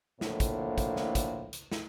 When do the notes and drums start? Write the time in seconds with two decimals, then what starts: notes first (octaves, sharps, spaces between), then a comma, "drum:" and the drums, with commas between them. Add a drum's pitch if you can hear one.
0.21 A2 D3 F3 A#3, drum: snare
0.40 drum: kick, hi-hat
0.78 drum: kick, hi-hat
0.96 drum: snare
1.15 drum: kick, hi-hat
1.53 drum: hi-hat
1.71 drum: snare